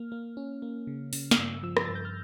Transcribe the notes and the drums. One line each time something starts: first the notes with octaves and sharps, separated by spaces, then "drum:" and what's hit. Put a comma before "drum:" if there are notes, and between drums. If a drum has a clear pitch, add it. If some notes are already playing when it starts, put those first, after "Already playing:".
Already playing: A#3 F6
A#3
C#4
A#3
C#3
C#3, drum: open hi-hat
F6, drum: snare
G2 E6
F3 E6
A#6, drum: rim click
G2 A6
G6
F6